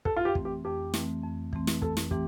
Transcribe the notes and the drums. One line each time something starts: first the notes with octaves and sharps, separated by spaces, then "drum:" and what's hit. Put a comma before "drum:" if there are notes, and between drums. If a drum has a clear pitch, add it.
F2 A4, drum: kick
F4
G4
E3 A3 C4, drum: kick
G4
F2 G4
E3 A3 C4, drum: snare
F2
E3 A3 C4, drum: kick
drum: snare
F2 A4, drum: kick
drum: snare
E3 A3 C4 G4, drum: kick